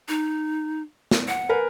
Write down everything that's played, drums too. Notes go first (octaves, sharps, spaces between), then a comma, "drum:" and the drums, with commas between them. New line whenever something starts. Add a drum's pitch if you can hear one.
D#4
drum: snare
F#5
A#4 B4 G#5